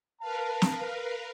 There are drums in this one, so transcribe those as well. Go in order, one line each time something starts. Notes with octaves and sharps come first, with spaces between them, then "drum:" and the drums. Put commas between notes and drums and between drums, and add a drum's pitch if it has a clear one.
A#4 B4 F5 A5
drum: snare